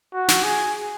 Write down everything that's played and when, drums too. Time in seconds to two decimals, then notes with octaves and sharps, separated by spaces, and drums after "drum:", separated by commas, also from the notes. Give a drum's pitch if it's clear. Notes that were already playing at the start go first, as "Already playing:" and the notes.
0.14 F#4
0.28 drum: snare
0.43 G#4